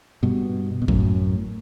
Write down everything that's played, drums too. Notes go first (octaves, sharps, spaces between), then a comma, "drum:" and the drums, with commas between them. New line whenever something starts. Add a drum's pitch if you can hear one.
G2 B2
B2
F#2 A2, drum: kick